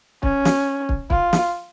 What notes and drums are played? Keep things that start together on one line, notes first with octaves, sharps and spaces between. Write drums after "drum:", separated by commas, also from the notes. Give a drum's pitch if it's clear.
C#4, drum: kick
drum: snare
drum: kick
F4, drum: kick
drum: snare